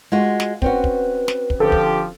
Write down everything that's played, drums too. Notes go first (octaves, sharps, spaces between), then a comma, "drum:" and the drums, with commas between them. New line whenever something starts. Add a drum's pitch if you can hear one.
G#3 F4 F#4
drum: snare
C4 C#4 F#4 B4, drum: kick
drum: kick
drum: snare
drum: kick
D3 F3 G4 A4
drum: kick